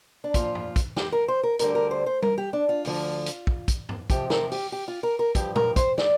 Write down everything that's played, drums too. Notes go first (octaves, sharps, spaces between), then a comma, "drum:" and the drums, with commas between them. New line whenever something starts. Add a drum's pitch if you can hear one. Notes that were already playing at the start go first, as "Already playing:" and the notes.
D4
A#2 F3 F4, drum: kick, hi-hat
drum: tom G2
drum: kick, hi-hat
G4, drum: snare
A#4
C5
A#4
D2 D3 G3 A#4, drum: hi-hat
A#4
C5
C5
A#4, drum: tom G3
G4
D4
F4
D2 D3 F3, drum: open hi-hat
drum: hi-hat
drum: kick
drum: kick, hi-hat
drum: tom G2
F2 C3 F3 G4, drum: kick, hi-hat
A#4, drum: snare
G4, drum: open hi-hat
G4
F4
A#4
A#4
G2 F3 G4, drum: kick, hi-hat
A#4, drum: tom
C5, drum: kick, hi-hat
D5, drum: snare